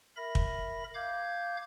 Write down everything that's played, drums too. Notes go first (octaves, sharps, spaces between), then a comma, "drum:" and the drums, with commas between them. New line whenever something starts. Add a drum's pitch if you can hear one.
A#4 E5 B5 A#6
drum: kick
F5 D6 G6 G#6